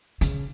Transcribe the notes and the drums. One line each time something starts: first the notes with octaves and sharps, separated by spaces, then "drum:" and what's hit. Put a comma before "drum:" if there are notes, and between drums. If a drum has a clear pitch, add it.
C#3, drum: hi-hat